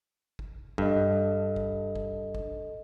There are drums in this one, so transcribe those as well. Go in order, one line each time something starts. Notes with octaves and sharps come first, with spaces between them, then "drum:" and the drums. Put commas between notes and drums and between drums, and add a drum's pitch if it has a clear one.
drum: kick
G2 A4 D#5, drum: kick
drum: kick
drum: kick
drum: kick